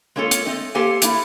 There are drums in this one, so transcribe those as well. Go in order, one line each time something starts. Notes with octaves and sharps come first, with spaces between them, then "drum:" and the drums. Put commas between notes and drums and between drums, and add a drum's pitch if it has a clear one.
G#3 A#3 C#4 F4 A4
drum: hi-hat
A3 C4 D#5
A#3 G4 A4 C5 F5 G#5
A3 A#3 E4, drum: hi-hat